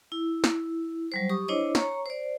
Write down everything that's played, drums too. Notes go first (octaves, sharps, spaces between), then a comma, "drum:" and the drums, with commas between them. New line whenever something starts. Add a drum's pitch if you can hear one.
E4
drum: snare
F#3 G3 C5
G4 C#6 D#6
D4 E4 C5 C#5 D#5 D6
C#5 A#5 C#6, drum: snare
C5 D5